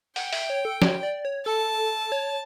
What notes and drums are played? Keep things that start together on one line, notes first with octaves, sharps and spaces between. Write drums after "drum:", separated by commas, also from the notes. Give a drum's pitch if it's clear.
F#5 G5, drum: open hi-hat
E5, drum: open hi-hat
C#5
A4
C#5, drum: snare
D5
C#5
A4 A5
C#5